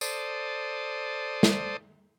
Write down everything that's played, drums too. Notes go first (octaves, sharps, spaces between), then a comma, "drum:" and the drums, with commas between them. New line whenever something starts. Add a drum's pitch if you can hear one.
A4 C5 D5 D#6, drum: tambourine
drum: snare